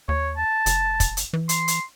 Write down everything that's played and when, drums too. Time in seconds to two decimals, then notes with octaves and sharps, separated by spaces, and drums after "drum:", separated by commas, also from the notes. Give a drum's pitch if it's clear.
0.08 D#2 C#5
0.37 A5
0.66 F#1, drum: hi-hat
1.00 drum: kick, hi-hat
1.17 drum: hi-hat
1.33 E3
1.49 C6, drum: hi-hat
1.68 drum: hi-hat